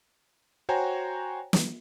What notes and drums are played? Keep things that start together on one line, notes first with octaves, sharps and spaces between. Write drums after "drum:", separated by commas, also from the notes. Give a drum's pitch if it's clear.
F#4 C5 C#5 G5 G#5 A#5
drum: snare